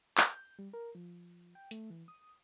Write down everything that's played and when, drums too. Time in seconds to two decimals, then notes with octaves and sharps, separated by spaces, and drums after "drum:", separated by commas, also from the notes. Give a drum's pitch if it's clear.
0.18 G6, drum: clap
0.59 G3
0.73 A#4
0.95 F3
1.55 G5
1.71 A3, drum: hi-hat
1.90 E3
2.08 D#6